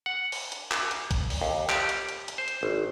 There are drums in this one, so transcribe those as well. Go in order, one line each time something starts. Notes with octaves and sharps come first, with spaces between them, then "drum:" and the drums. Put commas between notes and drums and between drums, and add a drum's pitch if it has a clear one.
F#5
drum: open hi-hat
drum: hi-hat
drum: clap
drum: hi-hat
drum: kick A#1, hi-hat
drum: open hi-hat
D#2
G4, drum: clap
drum: hi-hat
drum: hi-hat
drum: hi-hat
C5
drum: hi-hat
G#1